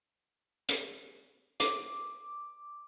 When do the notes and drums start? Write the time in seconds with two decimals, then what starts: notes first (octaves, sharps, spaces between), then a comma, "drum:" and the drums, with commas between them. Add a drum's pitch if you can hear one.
0.69 drum: hi-hat
1.60 D6, drum: hi-hat